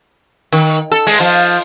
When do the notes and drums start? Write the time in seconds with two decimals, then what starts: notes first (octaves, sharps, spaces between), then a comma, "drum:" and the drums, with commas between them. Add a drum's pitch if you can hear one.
0.53 D#3
0.92 A4
1.07 G#3, drum: open hi-hat
1.20 F3